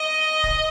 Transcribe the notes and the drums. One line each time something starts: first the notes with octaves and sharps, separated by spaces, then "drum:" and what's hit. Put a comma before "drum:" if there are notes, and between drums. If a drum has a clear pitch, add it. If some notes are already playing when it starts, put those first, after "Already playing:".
Already playing: D#5
drum: kick C#1